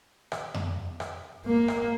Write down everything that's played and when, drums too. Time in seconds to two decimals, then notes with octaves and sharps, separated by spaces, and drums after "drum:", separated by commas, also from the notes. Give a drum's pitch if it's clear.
0.32 drum: rim click
0.54 drum: tom F2
1.00 drum: rim click
1.45 A#3
1.68 drum: rim click